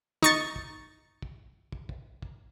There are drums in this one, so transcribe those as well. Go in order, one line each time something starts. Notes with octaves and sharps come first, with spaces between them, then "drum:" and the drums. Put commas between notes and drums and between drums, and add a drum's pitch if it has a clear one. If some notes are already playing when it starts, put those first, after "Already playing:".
D#4 C#6 A6, drum: snare
drum: kick
drum: kick
drum: kick
drum: kick
drum: kick